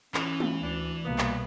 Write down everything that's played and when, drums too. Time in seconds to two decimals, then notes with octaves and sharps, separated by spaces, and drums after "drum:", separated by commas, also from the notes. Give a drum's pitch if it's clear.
0.14 E3 C#4, drum: clap
0.40 drum: tom G#3
0.62 D2 D4
1.05 C2 B2 A#3 B3
1.18 drum: clap